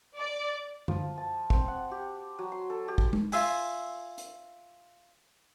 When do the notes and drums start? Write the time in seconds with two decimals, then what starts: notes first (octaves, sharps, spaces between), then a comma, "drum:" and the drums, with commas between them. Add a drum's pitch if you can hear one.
0.17 D5
0.88 F3, drum: tom
1.18 A5
1.50 C4, drum: kick
1.68 F#5
1.91 G4
2.39 F#3
2.52 C6
2.70 A4
2.88 G4
2.98 drum: kick
3.13 drum: tom G#3
3.32 F4 E5 G#5, drum: open hi-hat
4.18 drum: hi-hat